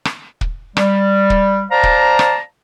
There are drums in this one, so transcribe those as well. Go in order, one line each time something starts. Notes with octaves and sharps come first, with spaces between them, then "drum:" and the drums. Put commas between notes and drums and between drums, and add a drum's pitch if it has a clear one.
drum: rim click
drum: kick
G3, drum: rim click
drum: kick
C5 D5 F5 A5 A#5
drum: kick
drum: rim click